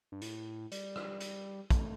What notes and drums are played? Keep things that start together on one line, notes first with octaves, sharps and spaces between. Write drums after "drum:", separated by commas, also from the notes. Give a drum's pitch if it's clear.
G2
A2, drum: hi-hat
G3, drum: hi-hat
drum: rim click
drum: hi-hat
A3, drum: kick, hi-hat